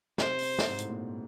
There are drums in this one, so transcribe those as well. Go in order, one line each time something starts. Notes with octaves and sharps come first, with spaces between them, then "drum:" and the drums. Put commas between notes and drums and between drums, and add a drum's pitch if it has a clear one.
C3 C5, drum: snare
drum: open hi-hat
drum: snare
G#2
A2, drum: hi-hat
A#2
B2